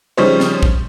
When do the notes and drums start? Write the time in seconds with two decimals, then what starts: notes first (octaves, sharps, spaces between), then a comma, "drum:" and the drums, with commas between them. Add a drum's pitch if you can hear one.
0.17 C#3 F3 G3 D#4 C5 C#5
0.40 drum: snare
0.63 drum: kick A#1